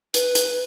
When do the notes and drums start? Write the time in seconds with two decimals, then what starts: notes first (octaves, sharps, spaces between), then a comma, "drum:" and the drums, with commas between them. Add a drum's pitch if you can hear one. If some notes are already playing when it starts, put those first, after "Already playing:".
0.14 B4, drum: hi-hat
0.35 drum: hi-hat